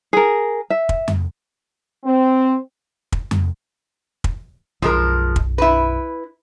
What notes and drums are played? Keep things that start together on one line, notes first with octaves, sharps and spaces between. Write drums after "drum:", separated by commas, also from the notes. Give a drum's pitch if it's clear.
G#4 A#4
E5
drum: kick
drum: tom F2
C4
drum: kick
drum: tom F2
drum: kick
B1 F#2 F3 G#3 A#4
drum: kick
E4 B4